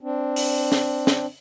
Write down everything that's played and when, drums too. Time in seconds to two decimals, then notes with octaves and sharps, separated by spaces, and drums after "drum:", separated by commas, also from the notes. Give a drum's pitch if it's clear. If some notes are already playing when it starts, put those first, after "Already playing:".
0.01 C4 D4
0.36 drum: open hi-hat
0.72 drum: snare
1.07 drum: snare